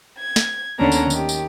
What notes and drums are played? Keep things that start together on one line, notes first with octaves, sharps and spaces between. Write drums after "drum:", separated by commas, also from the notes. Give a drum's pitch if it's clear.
G#6
drum: snare
D#2 D3 B3 C#4 D4 A#5
drum: tambourine
D#3 G4, drum: tambourine
drum: tambourine